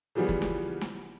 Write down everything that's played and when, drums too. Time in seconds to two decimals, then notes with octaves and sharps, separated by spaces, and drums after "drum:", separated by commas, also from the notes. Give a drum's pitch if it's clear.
0.15 C#3 E3 F3 G3 B3
0.29 drum: kick
0.42 drum: snare
0.81 drum: snare